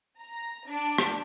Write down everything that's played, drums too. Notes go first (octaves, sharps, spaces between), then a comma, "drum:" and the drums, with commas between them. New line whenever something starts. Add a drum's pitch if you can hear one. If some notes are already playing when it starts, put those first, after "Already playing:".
A#5
D4
drum: rim click